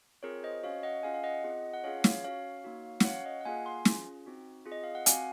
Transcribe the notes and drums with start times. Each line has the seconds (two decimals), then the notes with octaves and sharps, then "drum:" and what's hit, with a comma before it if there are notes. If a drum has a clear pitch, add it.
0.23 C4 F4 G#4 A#4 C#5
0.43 C5 D#5
0.63 C#4 F#4 C#5 F5
0.83 D#5 F#5
1.03 C#4 F4 G#4 F5 G#5
1.14 F5
1.23 D#5 F#5
1.44 C4 F4 G#4
1.73 F#5
1.84 C#4 F4 G#4 C#5 F5
2.04 C#5 F5, drum: snare
2.24 C#4 F#4 C#5 F5
2.64 A#3 D#4 F#4
3.00 F#5, drum: snare
3.04 C#4 F#4 C#5 F5
3.25 D#5 F#5
3.41 F#5
3.45 A#3 F4 G#4 F5 G#5
3.65 G#5 C6
3.85 C#4 F4 G#4, drum: snare
4.26 C4 D#4 F#4
4.66 C4 F4 G#4
4.72 D#5
4.84 F5
4.95 F#5
5.06 C4 F#4 F5 G#5, drum: hi-hat